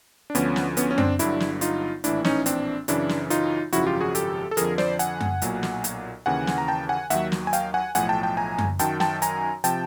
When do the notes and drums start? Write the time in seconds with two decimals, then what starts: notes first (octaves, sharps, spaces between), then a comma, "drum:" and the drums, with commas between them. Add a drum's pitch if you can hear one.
0.30 D4
0.35 D2 D3 F3 B3 C#4, drum: hi-hat
0.56 drum: snare
0.77 B3 C#4, drum: hi-hat
0.91 C#4
0.98 C4 D4, drum: tom F#2
1.19 G1 G2 D3 F#3 D4 E4, drum: hi-hat
1.40 drum: snare
1.61 D#4 F4, drum: hi-hat
2.04 A#1 A2 E3 D4 E4, drum: hi-hat
2.24 C#4 D#4, drum: snare
2.46 C4 D4, drum: hi-hat
2.88 F#2 C#3 E3 D4 E4, drum: hi-hat
3.09 drum: snare
3.30 D#4 F4, drum: hi-hat
3.73 G#1 F#2 C#3 F3 E4 F#4, drum: hi-hat
3.87 F4 G4
4.00 F#4 G#4
4.15 G4 A4, drum: hi-hat
4.51 A4
4.57 F2 D3 F3 G#4 A#4, drum: hi-hat
4.78 C5 D5, drum: snare
4.99 F#5 G#5, drum: hi-hat
5.21 drum: tom F#2
5.42 B1 A#2 F#3, drum: hi-hat
5.63 drum: snare
5.84 drum: hi-hat
6.26 D#2 C#3 E3 F#5 G#5
6.47 drum: snare
6.58 A#5
6.68 G5 A5
6.89 F#5 G#5
7.10 D#2 D#3 F#3 E5 F#5, drum: hi-hat
7.32 drum: snare
7.47 G#5
7.53 F5 G5, drum: hi-hat
7.74 F#5 G#5
7.95 B1 A2 F3 F#5 G#5, drum: hi-hat
8.09 G5 A5
8.23 G5 A5
8.37 G#5 A#5
8.58 drum: tom F#2
8.79 F#2 D#3 F#3 G5 A5, drum: hi-hat
9.00 G5 A5, drum: snare
9.22 G#5 A#5, drum: hi-hat
9.64 C3 F3 G5 A5, drum: hi-hat